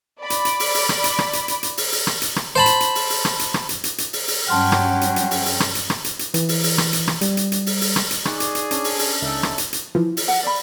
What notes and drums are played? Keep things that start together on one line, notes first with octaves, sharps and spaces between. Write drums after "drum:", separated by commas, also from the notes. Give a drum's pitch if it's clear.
D5 B5
drum: hi-hat
drum: hi-hat
drum: open hi-hat
drum: open hi-hat
drum: rim click
drum: hi-hat
drum: rim click
drum: hi-hat
drum: hi-hat
drum: hi-hat
drum: open hi-hat
drum: open hi-hat
drum: rim click
drum: hi-hat
drum: rim click
C5 A5 B5
drum: hi-hat
drum: hi-hat
drum: open hi-hat
drum: open hi-hat
drum: rim click
drum: hi-hat
drum: rim click
drum: hi-hat
drum: hi-hat
drum: hi-hat
drum: open hi-hat
drum: open hi-hat
G2 F#3 C#4 F#5 G5 A5 C6 F6
drum: rim click
drum: hi-hat
drum: hi-hat
drum: open hi-hat
drum: open hi-hat
drum: rim click
drum: hi-hat
drum: rim click
drum: hi-hat
drum: hi-hat
E3, drum: hi-hat
drum: open hi-hat
drum: open hi-hat
drum: rim click
drum: hi-hat
drum: rim click
G3, drum: hi-hat
drum: hi-hat
drum: hi-hat
drum: open hi-hat
drum: open hi-hat
drum: rim click
drum: hi-hat
D#4 G#4 D5 C#6 F#6, drum: rim click
drum: hi-hat
drum: hi-hat
C#4 D4, drum: hi-hat
drum: open hi-hat
drum: open hi-hat
C#2 D#4 A4 E5 G#5
drum: rim click
drum: hi-hat
drum: hi-hat
E3 F3
drum: open hi-hat
F#5
D5 B5